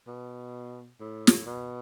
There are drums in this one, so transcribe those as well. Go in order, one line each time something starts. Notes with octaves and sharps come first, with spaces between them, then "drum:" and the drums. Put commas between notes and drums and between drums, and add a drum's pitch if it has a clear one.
B2
A2
drum: snare
B2